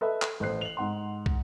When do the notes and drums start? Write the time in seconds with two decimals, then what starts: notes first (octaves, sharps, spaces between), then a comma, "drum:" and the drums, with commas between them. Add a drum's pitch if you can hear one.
0.01 A4 B4 D#5 E5
0.22 drum: clap
0.40 A1 A4 C5 F#6 C7
0.61 F7 F#7
0.77 G#2 F#5 C6
1.26 drum: kick